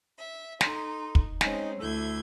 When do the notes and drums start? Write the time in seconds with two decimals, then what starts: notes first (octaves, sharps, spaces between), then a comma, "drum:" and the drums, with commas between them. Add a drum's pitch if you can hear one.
0.18 E5
0.61 D#4 A4 A#5 C6, drum: snare
1.15 drum: kick
1.41 G#3 C4 C#4 D#4 D#5 G#5, drum: snare
1.79 D2 E4 A4 E6 G6 G#6